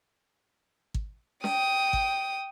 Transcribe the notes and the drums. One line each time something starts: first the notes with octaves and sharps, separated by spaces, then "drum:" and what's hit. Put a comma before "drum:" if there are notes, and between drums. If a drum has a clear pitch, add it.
drum: kick
G5 D#6, drum: snare
drum: kick